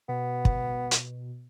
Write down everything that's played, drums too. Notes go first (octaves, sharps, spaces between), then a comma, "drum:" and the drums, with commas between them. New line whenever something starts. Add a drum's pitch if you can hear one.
B2 B3
drum: kick
drum: hi-hat